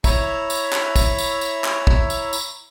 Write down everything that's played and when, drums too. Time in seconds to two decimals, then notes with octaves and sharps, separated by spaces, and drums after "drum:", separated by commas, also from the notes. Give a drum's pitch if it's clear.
0.04 E4 C#5 E5 A#5, drum: kick, tambourine
0.50 drum: tambourine
0.73 drum: clap
0.96 drum: kick, tambourine
1.18 drum: tambourine
1.41 drum: tambourine
1.64 drum: clap
1.87 drum: kick
2.10 drum: tambourine
2.33 drum: tambourine